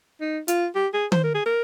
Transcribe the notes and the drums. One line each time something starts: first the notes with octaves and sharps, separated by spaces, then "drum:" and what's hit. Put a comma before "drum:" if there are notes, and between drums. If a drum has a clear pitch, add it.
D#4
F4, drum: hi-hat
G4
G#4
C5, drum: tom D#3
A#4
G#4
A#4